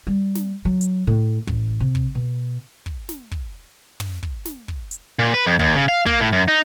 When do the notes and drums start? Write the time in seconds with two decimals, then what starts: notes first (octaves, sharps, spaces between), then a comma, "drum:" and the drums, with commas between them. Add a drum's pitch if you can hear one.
0.07 G3
0.35 drum: snare
0.65 F#3
0.81 drum: hi-hat
1.07 A2
1.47 A1, drum: kick
1.80 C3
1.95 drum: kick
2.15 B2
2.86 drum: kick
3.09 drum: snare
3.31 drum: kick
4.00 drum: tom
4.23 drum: kick
4.45 drum: snare
4.68 drum: kick
4.91 drum: hi-hat
5.19 A#2
5.34 B4
5.47 F2
5.59 D#2, drum: kick
5.76 C#3
5.89 F5
6.06 A#3, drum: kick
6.21 A2
6.32 F#2
6.48 D#4